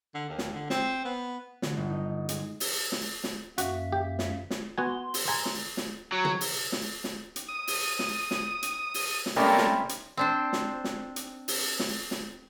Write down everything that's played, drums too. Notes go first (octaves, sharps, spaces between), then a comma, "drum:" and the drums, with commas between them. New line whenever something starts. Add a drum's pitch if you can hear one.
D3
D#2
drum: snare
D3
C4, drum: snare
B3
D3, drum: snare
G1
D#4
G#3, drum: hi-hat
drum: open hi-hat
drum: snare
drum: snare
F#2 A#3 F#4 E5, drum: hi-hat
G4
drum: snare
drum: snare
B3 F#4 G#5 C6
drum: open hi-hat
G#5 A#5
drum: snare
drum: snare
F#3
drum: tom
drum: open hi-hat
drum: snare
drum: snare
drum: hi-hat
D#6
drum: open hi-hat
drum: snare
drum: snare
drum: hi-hat
drum: open hi-hat
drum: snare
C3 G3 A3 A#3 C#4
drum: snare
drum: hi-hat
C4 D4 C5
drum: snare
drum: snare
drum: hi-hat
drum: open hi-hat
drum: snare
drum: snare